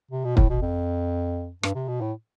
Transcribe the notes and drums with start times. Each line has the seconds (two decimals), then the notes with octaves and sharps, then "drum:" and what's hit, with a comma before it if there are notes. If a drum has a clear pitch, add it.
0.11 C3
0.24 B2
0.37 A2, drum: kick
0.50 B2
0.62 F2
1.63 G2, drum: rim click
1.75 C3
1.88 B2
2.01 A2